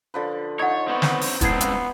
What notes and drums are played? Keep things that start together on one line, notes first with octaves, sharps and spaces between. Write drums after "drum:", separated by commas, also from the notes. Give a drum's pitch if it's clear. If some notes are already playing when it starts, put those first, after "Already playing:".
D3 F3 B4
D#4 F4 C#5 F#5 G#6
B3 C4 C#5
drum: snare
drum: open hi-hat
C#2 B3 C4 E4 G#6 C7, drum: kick, hi-hat
drum: hi-hat